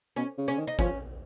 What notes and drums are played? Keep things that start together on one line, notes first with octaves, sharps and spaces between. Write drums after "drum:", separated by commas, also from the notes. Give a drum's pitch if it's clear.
B2 C#4
C#3
C#3 C#4
D#3
D#4
F3 C#4, drum: kick